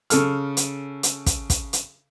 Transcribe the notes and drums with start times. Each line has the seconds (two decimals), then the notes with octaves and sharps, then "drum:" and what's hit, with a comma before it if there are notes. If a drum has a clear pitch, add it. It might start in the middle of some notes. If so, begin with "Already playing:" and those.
0.10 C#3 A4 F6, drum: hi-hat
0.57 drum: hi-hat
1.03 drum: hi-hat
1.26 drum: kick, hi-hat
1.50 drum: kick, hi-hat
1.73 drum: hi-hat